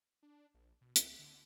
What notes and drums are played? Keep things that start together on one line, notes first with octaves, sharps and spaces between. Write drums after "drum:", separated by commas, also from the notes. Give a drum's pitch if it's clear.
D4
A#1
B2
C#2, drum: hi-hat
D3